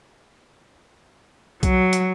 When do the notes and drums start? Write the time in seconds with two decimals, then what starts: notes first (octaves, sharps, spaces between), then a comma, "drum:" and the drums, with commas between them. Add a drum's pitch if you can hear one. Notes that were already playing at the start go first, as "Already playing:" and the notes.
1.63 F#3, drum: kick B1, hi-hat
1.93 drum: hi-hat